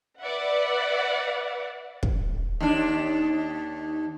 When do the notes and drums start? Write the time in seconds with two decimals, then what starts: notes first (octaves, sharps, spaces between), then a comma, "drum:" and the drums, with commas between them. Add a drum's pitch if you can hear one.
0.21 B4 D5 E5 F#5
2.03 drum: kick
2.61 D#2 D4